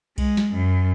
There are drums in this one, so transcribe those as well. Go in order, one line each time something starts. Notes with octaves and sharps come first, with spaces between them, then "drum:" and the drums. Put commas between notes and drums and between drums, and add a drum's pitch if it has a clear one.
G#3, drum: kick B1, cymbal
drum: snare
F#2